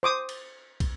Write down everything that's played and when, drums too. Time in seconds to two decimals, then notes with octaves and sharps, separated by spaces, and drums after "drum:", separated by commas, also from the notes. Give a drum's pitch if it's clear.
0.03 C5 D6 D#6
0.29 drum: cymbal
0.80 drum: kick, cymbal